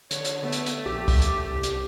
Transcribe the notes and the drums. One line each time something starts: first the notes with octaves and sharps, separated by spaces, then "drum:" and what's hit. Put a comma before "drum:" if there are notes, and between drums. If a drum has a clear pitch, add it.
D3 C#5, drum: hi-hat
drum: hi-hat
A3 B3
drum: hi-hat
drum: hi-hat
A#1 G4
drum: kick, open hi-hat
drum: hi-hat
C2
drum: hi-hat